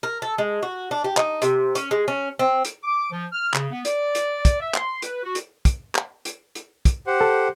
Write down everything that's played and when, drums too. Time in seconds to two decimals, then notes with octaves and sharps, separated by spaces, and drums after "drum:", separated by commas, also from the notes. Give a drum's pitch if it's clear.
0.03 A#4
0.22 A4
0.38 G#3
0.63 F#4
0.91 D4
1.04 G4
1.17 D#4, drum: clap
1.42 C3, drum: hi-hat
1.75 C#4, drum: hi-hat
1.91 G#3
2.08 C#4
2.39 C4
2.65 drum: hi-hat
2.83 D6
3.11 F3
3.32 F6
3.54 C#3, drum: clap
3.71 B3
3.85 D5, drum: hi-hat
4.15 drum: hi-hat
4.45 drum: kick, hi-hat
4.60 E5
4.74 C6, drum: clap
5.02 B4, drum: hi-hat
5.23 F#4
5.35 drum: hi-hat
5.65 drum: kick, hi-hat
5.95 drum: clap
6.25 drum: hi-hat
6.55 drum: hi-hat
6.85 drum: kick, hi-hat
7.07 G4 C5 F#5
7.21 A4